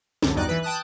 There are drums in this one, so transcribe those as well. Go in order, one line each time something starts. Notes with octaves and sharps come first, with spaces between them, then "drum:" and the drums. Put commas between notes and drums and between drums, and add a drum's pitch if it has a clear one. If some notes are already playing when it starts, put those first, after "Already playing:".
C#2 F#2 D3, drum: snare
B1 E2 G2 D#4 D5 F#6
E3 B4
G5 A5 D#6 F#6